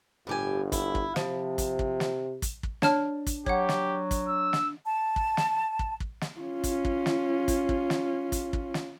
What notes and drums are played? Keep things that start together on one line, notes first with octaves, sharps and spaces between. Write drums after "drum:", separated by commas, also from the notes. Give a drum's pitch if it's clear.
G1 A2 G4 G#5
E4, drum: kick, hi-hat
drum: kick
C3 F3, drum: snare
drum: kick, hi-hat
drum: kick
drum: snare
drum: kick, hi-hat
drum: kick
D4 C#5 A5 F6, drum: snare
drum: kick, hi-hat
F#3 G4 C#5 F#5, drum: kick
drum: snare
drum: kick, hi-hat
E6
drum: snare
A5
drum: kick
drum: snare
drum: kick
drum: kick
drum: snare
C#4 F4
drum: kick, hi-hat
drum: kick
drum: snare
drum: kick, hi-hat
drum: kick
drum: snare
drum: kick, hi-hat
drum: kick
drum: snare